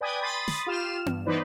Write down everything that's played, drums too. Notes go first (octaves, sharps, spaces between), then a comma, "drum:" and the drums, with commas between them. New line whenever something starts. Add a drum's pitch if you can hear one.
B4 D5 G5 G#5 D#6 G#6
B5 C6 D#6 A6
drum: snare
F4 G4 F6 E7
G2, drum: tom B3
E3 B3 D#4 B4 C5 D5